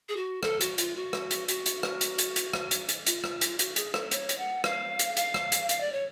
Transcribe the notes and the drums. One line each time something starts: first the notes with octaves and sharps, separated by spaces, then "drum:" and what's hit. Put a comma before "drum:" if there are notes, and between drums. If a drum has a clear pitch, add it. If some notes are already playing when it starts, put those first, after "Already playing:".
G#4
F#4
A4, drum: rim click
F#4, drum: hi-hat
F4, drum: hi-hat
F#4
drum: rim click
drum: hi-hat
F#4, drum: hi-hat
drum: hi-hat
drum: rim click
drum: hi-hat
drum: hi-hat
drum: hi-hat
drum: rim click
drum: hi-hat
drum: hi-hat
F4, drum: hi-hat
drum: rim click
drum: hi-hat
F#4, drum: hi-hat
G#4, drum: hi-hat
A4, drum: rim click
C#5, drum: hi-hat
drum: hi-hat
F#5
F5, drum: rim click
drum: hi-hat
F5, drum: hi-hat
drum: rim click
drum: hi-hat
F5, drum: hi-hat
D5
C#5